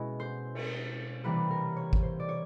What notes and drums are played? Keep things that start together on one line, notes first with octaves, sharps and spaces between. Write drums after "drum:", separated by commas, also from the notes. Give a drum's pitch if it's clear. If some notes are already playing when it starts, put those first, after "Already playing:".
Already playing: B2 G#3 C#4 E4
C5
drum: cymbal
C3 E3 G3 A#3 B4
A#4
C#5
drum: kick G#1
C5
D5
C#5